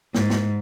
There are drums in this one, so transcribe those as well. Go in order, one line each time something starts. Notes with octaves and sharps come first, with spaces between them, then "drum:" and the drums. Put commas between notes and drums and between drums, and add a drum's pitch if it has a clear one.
G#2, drum: snare
drum: snare